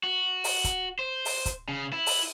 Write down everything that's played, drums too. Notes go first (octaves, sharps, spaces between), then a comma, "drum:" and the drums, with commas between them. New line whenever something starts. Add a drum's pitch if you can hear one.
F#4
drum: open hi-hat
drum: kick, hi-hat
C5
drum: open hi-hat
drum: kick, hi-hat
C#3
E4
drum: open hi-hat